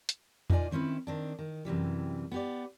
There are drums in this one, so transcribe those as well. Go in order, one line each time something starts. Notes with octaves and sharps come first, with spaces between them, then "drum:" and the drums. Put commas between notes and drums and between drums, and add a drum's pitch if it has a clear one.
drum: hi-hat
A#2 D#4 F4 G4 D5 G#5, drum: tom E2
D#3 C4 C#4 E4 B4
D#3 C4 D4
D#3
F#2 C3 E3 G3
B3 G4 D5